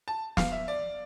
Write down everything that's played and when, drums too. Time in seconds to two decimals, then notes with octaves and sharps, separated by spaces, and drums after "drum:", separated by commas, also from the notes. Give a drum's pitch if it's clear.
0.08 A5
0.37 F5, drum: snare
0.52 E5
0.68 D5